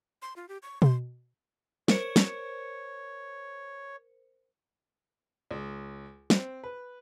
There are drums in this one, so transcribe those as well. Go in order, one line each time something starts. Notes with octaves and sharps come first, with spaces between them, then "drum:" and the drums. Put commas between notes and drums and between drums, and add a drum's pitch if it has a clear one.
C6
F4
G4
C#6
C6, drum: tom B2
A#4 C5 C#5 C#7, drum: snare
drum: snare
C#2
C4, drum: snare
B4